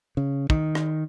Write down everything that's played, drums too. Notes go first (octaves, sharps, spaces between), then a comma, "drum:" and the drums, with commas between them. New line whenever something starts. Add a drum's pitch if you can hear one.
C#3
D#3, drum: kick
drum: rim click